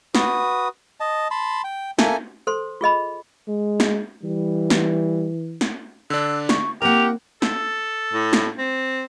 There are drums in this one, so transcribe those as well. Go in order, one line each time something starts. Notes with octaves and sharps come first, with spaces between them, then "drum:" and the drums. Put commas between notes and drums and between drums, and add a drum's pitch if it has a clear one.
F#4 B4 D#6, drum: snare
D#5 A5
A5 B5 C6
G5
A#3 A4 E5 G#5, drum: snare
A4 C5 C6
F4 G#4 D#5 B5
G#3
drum: snare
E3 G3
drum: snare
drum: snare
D3 D4 E6
C#6, drum: snare
A#3 C4 E4 G4 A#4 F#5 F7
A4, drum: snare
A2
drum: snare
C4